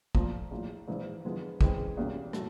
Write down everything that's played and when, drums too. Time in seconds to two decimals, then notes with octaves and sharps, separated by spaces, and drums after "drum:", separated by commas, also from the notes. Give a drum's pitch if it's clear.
0.15 A#2 F3 A3, drum: kick
0.51 A#1 A2 F3
0.88 A#1 G#2 E3
1.24 D3 F3 G#3 B3 E4
1.61 C#3 E3 G#3 C4, drum: kick
1.97 E2 B2 G3 A#3 C#4
2.33 A2 F#3 A3, drum: rim click